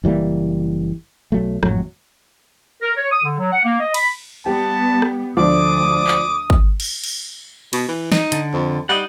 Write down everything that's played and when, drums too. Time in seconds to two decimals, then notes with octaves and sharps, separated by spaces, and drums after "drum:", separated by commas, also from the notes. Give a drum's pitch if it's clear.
0.04 F#1 E3 G3 A#3
1.32 B1 F#3 A3
1.63 G#1 F2 A2 F#3, drum: rim click
2.82 A#4
2.97 C#5
3.12 D#6
3.24 D3
3.39 F#3
3.52 F#5
3.64 A#3
3.80 D#5
3.94 B5, drum: cymbal
4.46 G3 B3 G4 A5
5.02 drum: rim click
5.37 D2 F3 D4 D6 D#6
6.08 drum: clap
6.50 drum: kick
6.80 drum: cymbal
7.04 drum: cymbal
7.73 B2, drum: cymbal
7.89 E3
8.12 D#4, drum: snare
8.32 D3, drum: hi-hat
8.53 F2
8.89 G3 D#4 D#5 F#5